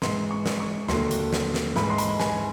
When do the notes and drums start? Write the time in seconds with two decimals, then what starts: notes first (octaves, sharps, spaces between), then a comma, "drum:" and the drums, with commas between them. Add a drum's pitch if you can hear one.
0.02 G#2 E3 G#3 C6, drum: snare
0.31 C#6
0.46 drum: snare
0.60 C#6
0.88 D#2 D3 F#3 A3 C6, drum: snare
1.11 drum: hi-hat
1.33 drum: snare
1.54 drum: snare
1.76 G#2 E3 G#3 B5, drum: snare
1.90 C6
1.98 B5, drum: hi-hat
2.20 G#5, drum: snare